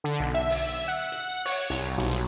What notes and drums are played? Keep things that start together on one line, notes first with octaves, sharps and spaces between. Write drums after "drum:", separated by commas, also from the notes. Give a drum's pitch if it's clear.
D3
B1
E5
drum: open hi-hat
F#5
drum: hi-hat
C#5, drum: open hi-hat
C2
B1